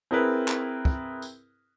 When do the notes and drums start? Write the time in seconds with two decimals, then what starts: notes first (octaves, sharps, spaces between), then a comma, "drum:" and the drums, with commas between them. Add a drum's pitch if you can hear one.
0.11 C4 E4 G#4 A#4 B4
0.48 drum: clap
0.85 drum: kick
1.22 drum: tambourine